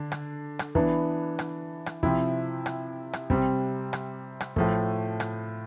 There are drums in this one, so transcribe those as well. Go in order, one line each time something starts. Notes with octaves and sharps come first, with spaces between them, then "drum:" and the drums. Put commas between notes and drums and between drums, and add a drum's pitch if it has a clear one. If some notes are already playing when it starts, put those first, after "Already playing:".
Already playing: D3 D4
drum: rim click
drum: rim click
E3 B3 D4, drum: kick
drum: rim click
drum: rim click
C3 F3 C4 E4, drum: kick
drum: rim click
drum: rim click
C3 G3 C4, drum: kick
drum: rim click
drum: rim click
A2 F3 A3, drum: kick
drum: rim click